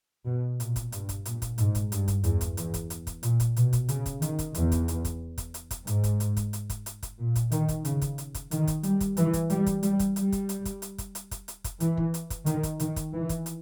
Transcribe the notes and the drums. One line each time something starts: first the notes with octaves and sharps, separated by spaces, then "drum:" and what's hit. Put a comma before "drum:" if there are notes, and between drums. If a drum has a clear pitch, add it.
B2
A#2, drum: hi-hat
drum: kick, hi-hat
G2, drum: hi-hat
drum: kick, hi-hat
A#2, drum: hi-hat
drum: kick, hi-hat
G#2, drum: hi-hat
drum: kick, hi-hat
G2, drum: hi-hat
drum: kick, hi-hat
E2, drum: hi-hat
drum: kick, hi-hat
E2, drum: hi-hat
drum: kick, hi-hat
drum: hi-hat
drum: kick, hi-hat
A#2, drum: hi-hat
drum: kick, hi-hat
B2, drum: hi-hat
drum: kick, hi-hat
C#3, drum: hi-hat
drum: kick, hi-hat
D#3, drum: hi-hat
drum: kick, hi-hat
E2, drum: hi-hat
drum: kick, hi-hat
drum: hi-hat
drum: kick, hi-hat
drum: kick, hi-hat
drum: hi-hat
drum: kick, hi-hat
G#2, drum: hi-hat
drum: kick, hi-hat
drum: hi-hat
drum: kick, hi-hat
drum: hi-hat
drum: kick, hi-hat
drum: hi-hat
drum: kick, hi-hat
A#2
drum: kick, hi-hat
D#3, drum: hi-hat
drum: kick, hi-hat
C#3, drum: hi-hat
drum: kick, hi-hat
drum: hi-hat
drum: kick, hi-hat
D#3, drum: hi-hat
drum: kick, hi-hat
G3, drum: hi-hat
drum: kick, hi-hat
E3, drum: hi-hat
drum: kick, hi-hat
G3, drum: hi-hat
drum: kick, hi-hat
G3, drum: hi-hat
drum: kick, hi-hat
G3, drum: hi-hat
drum: kick, hi-hat
drum: hi-hat
drum: kick, hi-hat
drum: hi-hat
drum: kick, hi-hat
drum: hi-hat
drum: kick, hi-hat
drum: hi-hat
drum: kick, hi-hat
E3, drum: hi-hat
drum: kick
drum: hi-hat
drum: kick, hi-hat
D#3, drum: hi-hat
drum: kick, hi-hat
D#3, drum: hi-hat
drum: kick, hi-hat
E3
drum: kick, hi-hat
drum: hi-hat